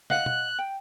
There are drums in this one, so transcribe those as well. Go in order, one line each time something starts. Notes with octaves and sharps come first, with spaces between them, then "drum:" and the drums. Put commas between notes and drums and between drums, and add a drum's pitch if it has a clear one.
D#5 F5 F#5 F#6, drum: snare
drum: tom
G5